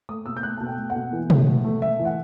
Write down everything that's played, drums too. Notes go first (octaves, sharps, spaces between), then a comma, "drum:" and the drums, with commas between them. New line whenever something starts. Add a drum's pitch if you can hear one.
A3 D#6
B2 E6
G6
A3 F#6
B2 A5
G5
A3
F#5
B2
E3
A2, drum: tom B2
A3
A3
A3 E5
E3
F#5